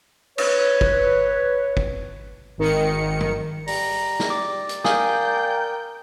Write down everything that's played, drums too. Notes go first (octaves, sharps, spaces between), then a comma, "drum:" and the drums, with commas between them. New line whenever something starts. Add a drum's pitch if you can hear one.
B4 C#5, drum: cymbal
drum: kick
drum: kick
G#1 D#3 C#7
drum: tom
G3 A#5, drum: open hi-hat
drum: snare
D5 D6
drum: hi-hat
A#4 F5 G5 G#5 D#6 G6, drum: snare